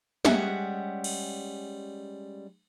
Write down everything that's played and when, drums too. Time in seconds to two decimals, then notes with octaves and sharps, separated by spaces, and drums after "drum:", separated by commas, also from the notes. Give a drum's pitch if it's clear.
0.25 G3 G#3 C#4 E5 F#5, drum: snare
1.04 drum: cymbal